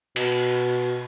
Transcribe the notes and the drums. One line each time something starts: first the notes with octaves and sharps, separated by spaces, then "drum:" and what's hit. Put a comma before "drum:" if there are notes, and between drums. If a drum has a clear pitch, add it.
B2, drum: cymbal